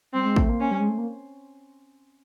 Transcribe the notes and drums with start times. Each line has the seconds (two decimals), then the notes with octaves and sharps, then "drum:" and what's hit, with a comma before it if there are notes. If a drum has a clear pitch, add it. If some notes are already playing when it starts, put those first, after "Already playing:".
0.13 G3 C4
0.25 G#3
0.36 A3, drum: kick
0.49 A#3
0.60 C#4
0.71 G3
0.80 G#3
0.89 A3
0.98 A#3